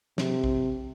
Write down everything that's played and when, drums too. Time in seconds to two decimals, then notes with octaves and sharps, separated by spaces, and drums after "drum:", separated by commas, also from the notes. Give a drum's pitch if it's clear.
0.18 C3, drum: snare
0.44 drum: kick